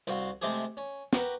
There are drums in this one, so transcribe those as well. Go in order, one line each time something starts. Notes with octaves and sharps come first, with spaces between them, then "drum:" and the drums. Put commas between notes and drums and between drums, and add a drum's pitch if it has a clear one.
C2 C4 F#4 F5 C6, drum: hi-hat
C3 G#3 A3 C4 G4 G#4
C#4
F#4 G4 A#4 B4, drum: snare